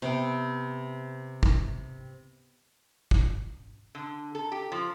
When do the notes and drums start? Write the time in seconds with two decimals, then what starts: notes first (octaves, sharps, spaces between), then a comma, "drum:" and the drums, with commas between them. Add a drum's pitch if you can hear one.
0.02 C3 B3 G5
1.43 drum: kick
3.11 drum: kick
3.95 D3
4.35 A4
4.52 G4
4.72 F3